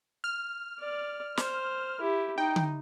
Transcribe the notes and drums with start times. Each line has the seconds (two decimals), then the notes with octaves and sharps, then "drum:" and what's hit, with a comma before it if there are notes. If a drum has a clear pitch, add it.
0.24 F6
0.80 D5
1.37 C5, drum: snare
2.00 E4 G4
2.38 D#4 G5
2.56 drum: tom D3